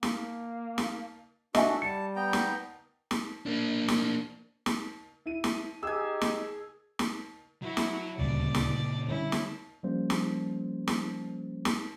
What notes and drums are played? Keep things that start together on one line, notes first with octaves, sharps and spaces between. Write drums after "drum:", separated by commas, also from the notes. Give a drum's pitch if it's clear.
A#3, drum: snare
drum: snare
D4 F#4 A4 D#5 E5 G#5, drum: snare
G3 A5 C#7
B3 G5 A#5
drum: snare
drum: snare
A#3 D4
drum: snare
drum: snare
E4 D#7
drum: snare
D#4 G4 G#4 G#5 E6
drum: snare
drum: snare
F#3 E4 F#4
drum: snare
D#1 D2 A#2 C#3 G3 D5
drum: snare
D3 G3 C#4 E4
drum: snare
F3 G3 A#3 C#4 C5
drum: snare
drum: snare
drum: snare